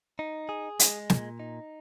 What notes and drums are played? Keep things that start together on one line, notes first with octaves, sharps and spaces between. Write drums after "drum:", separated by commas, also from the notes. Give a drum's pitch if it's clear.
D#4
G#4
G#3, drum: hi-hat
A#2, drum: snare
D#4